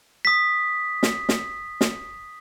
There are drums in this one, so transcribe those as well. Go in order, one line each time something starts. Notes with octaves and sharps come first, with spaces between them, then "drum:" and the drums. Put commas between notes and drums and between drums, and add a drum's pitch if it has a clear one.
D#6 B6
drum: snare
drum: snare
drum: snare